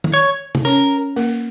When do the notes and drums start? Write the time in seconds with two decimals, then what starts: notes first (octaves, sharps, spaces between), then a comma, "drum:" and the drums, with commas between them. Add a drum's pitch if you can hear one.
0.04 drum: tom
0.14 C#5
0.55 drum: tom
0.65 C#4 A#4 C#5
1.16 A#3 A#4